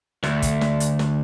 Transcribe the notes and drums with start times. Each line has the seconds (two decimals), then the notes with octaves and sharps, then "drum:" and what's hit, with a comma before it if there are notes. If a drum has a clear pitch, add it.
0.23 D2, drum: snare
0.42 drum: kick, hi-hat
0.61 drum: snare
0.80 drum: hi-hat
0.99 drum: snare